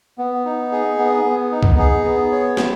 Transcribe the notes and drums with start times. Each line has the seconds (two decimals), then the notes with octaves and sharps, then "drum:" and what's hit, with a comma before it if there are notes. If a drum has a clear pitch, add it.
0.18 B3
0.45 D#4
0.72 G#4
0.98 B3
1.24 B3
1.51 D#4
1.63 drum: kick
1.78 G#4
2.04 B3
2.32 C#5
2.57 E4, drum: snare